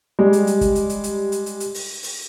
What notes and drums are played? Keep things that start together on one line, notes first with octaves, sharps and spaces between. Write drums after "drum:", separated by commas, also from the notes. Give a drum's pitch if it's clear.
G3 G#3
drum: hi-hat
drum: hi-hat
drum: kick, hi-hat
drum: hi-hat
drum: hi-hat
drum: hi-hat
drum: hi-hat
drum: hi-hat
drum: hi-hat
drum: open hi-hat
drum: open hi-hat